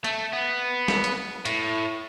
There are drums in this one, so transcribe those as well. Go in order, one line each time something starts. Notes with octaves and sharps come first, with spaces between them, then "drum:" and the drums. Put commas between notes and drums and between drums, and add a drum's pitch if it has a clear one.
A3, drum: hi-hat
B3
drum: snare
drum: hi-hat
A2, drum: hi-hat